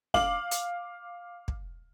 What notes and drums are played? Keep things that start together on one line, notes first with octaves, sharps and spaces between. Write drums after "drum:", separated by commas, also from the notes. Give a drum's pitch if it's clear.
F5 D6 F#7, drum: snare
drum: hi-hat
drum: kick